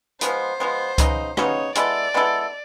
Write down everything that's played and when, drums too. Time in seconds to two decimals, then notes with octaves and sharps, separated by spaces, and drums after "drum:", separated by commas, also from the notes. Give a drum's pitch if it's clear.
0.21 F3 G#3 B3 C5, drum: hi-hat
0.60 F3 G#3 B3
0.98 C#3 F#3 B3 D#4, drum: kick C#2, hi-hat
1.37 C#3 F#3 B3 D#4 C#5, drum: rim click
1.75 G#3 B3 E4 A4 D5, drum: hi-hat
2.14 G#3 B3 E4 A4